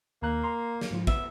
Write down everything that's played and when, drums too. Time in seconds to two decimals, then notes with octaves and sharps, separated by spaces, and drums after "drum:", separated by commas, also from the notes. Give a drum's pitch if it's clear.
0.22 D#2 A#3 A#5 F#6
0.44 A#5 C6
0.81 drum: snare
0.91 G#2 F3 F4
1.07 B3 E5, drum: kick